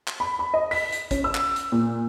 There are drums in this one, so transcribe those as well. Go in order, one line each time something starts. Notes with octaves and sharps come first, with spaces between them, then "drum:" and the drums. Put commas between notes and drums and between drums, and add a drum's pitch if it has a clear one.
drum: clap
B5
B5
D#5
B6, drum: open hi-hat
drum: hi-hat
C#4, drum: kick, hi-hat
E6
drum: clap
drum: hi-hat
A#2